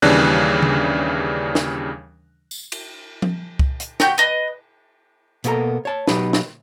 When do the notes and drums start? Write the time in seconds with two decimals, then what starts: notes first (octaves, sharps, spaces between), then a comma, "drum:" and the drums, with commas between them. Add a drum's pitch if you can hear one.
0.02 D#2 C#3 E3 G3 D4 F#6
0.62 drum: tom C#3
1.55 drum: snare
2.51 drum: tambourine
2.72 drum: cymbal
3.22 drum: tom F3
3.59 drum: kick C2
3.80 drum: hi-hat
4.00 F#4 G4 G6, drum: snare
4.18 B4 D#5
5.44 B2 A#3 B3 E4 A4 A#5, drum: hi-hat
5.85 C#5 A5
6.07 B2 F#3 D#4 G4 B4, drum: snare
6.33 drum: snare